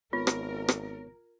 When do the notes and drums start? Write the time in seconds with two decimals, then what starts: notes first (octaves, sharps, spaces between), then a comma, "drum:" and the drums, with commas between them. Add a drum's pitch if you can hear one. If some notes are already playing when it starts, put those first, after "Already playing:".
0.13 G#1 B3 F4 A#4 C#5
0.27 drum: rim click
0.68 drum: rim click